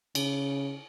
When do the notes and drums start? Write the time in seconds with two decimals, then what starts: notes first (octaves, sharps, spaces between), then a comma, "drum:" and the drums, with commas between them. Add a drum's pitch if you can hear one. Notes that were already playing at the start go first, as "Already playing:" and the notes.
0.15 C#3, drum: cymbal